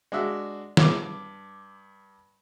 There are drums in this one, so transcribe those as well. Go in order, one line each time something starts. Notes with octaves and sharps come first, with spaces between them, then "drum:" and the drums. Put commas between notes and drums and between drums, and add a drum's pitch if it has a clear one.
G#3 D4 F#4 E5
G2 D6, drum: snare